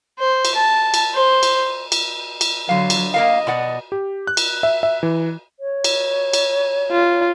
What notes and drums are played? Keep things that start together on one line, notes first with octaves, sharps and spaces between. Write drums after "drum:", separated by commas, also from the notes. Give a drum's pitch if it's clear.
C5
drum: cymbal
A5
drum: cymbal
C5
drum: cymbal
drum: cymbal
drum: cymbal
D3 F#3 F5
drum: cymbal
A#3 A#4 D#5 F5
B2 D5 F#5
G4
F#6
drum: cymbal
E5
E5
E3
C#5
drum: cymbal
drum: cymbal
F4